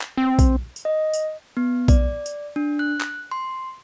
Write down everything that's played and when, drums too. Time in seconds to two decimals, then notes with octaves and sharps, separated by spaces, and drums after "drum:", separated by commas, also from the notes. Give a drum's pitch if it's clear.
0.01 drum: clap
0.17 C4
0.39 drum: kick, tambourine
0.76 drum: tambourine
0.85 D#5
1.14 drum: tambourine
1.57 B3
1.88 D5, drum: kick, tambourine
2.26 drum: tambourine
2.56 D4
2.79 F#6
3.01 drum: clap
3.32 C6